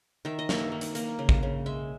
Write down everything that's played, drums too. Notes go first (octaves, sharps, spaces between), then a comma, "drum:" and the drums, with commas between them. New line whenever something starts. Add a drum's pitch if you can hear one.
D#3 E5
D#5
A#3 E5, drum: snare
A#3
drum: hi-hat
A#3, drum: hi-hat
C#3
drum: kick
C#3
G#3 E5